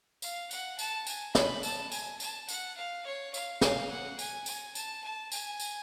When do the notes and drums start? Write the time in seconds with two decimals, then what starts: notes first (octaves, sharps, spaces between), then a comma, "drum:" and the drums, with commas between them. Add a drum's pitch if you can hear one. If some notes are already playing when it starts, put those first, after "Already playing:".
0.22 F5, drum: tambourine
0.51 F#5, drum: tambourine
0.79 A5, drum: tambourine
1.07 G#5, drum: tambourine
1.35 B5, drum: snare
1.63 A5, drum: tambourine
1.92 G#5, drum: tambourine
2.20 A5, drum: tambourine
2.49 F#5, drum: tambourine
2.77 F5
3.06 C#5
3.34 F5, drum: tambourine
3.61 F5, drum: snare
3.90 F#5
4.19 G#5, drum: tambourine
4.46 G#5, drum: tambourine
4.75 A5, drum: tambourine
5.04 A5
5.32 G#5, drum: tambourine
5.60 drum: tambourine